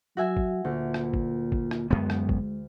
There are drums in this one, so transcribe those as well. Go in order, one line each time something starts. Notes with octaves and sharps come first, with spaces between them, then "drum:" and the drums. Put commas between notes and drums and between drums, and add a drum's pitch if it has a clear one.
F#3 F#4 E5 G#5
drum: kick
D2 A#2
drum: rim click
drum: kick
drum: kick
drum: rim click
F#2 G#3 B3
drum: rim click
drum: kick